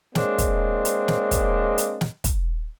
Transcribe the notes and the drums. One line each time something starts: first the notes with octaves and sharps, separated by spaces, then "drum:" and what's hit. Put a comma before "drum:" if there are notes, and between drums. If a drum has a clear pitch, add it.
G#3 A#3 C4 D4 C#5 D#5, drum: snare
drum: kick, hi-hat
drum: hi-hat
drum: snare
drum: kick, hi-hat
drum: hi-hat
drum: snare
drum: kick, hi-hat